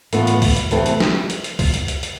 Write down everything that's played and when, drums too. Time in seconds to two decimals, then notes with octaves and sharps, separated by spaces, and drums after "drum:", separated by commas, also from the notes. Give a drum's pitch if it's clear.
0.13 A2 E3 B3 F4, drum: hi-hat
0.27 drum: hi-hat
0.42 drum: kick C2, open hi-hat
0.57 drum: hi-hat
0.71 E2 C3 E3 A3 C4, drum: hi-hat
0.86 drum: hi-hat
1.00 drum: snare
1.30 drum: hi-hat
1.44 drum: hi-hat
1.59 drum: kick C2, open hi-hat
1.74 drum: hi-hat
1.88 drum: hi-hat
2.03 drum: hi-hat